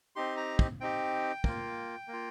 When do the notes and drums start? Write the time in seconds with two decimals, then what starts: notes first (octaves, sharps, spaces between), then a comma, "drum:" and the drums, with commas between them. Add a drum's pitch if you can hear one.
0.16 C4 D#4 G4 C6
0.37 A#5
0.59 drum: kick
0.81 C4 D#4 G4 G5
1.44 A#3 F4, drum: kick
2.08 A#3
2.13 F4